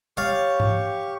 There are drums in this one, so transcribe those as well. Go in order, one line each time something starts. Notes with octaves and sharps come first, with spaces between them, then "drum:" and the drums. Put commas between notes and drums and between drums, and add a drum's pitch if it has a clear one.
G4 C#5 F5 C#6 A6
drum: tom G#2